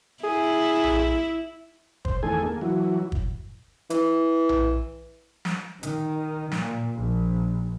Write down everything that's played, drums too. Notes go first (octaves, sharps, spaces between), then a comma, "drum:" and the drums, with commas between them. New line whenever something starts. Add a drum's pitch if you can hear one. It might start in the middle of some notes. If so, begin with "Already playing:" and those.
E4 G#4
drum: tom A#1
C5, drum: kick
E2 D#3 A3 G#4 A4 G#5
A#3
E3 F#3
drum: kick
E3, drum: hi-hat
drum: tom A#1
drum: snare
D#3, drum: hi-hat
A#2, drum: snare
A#1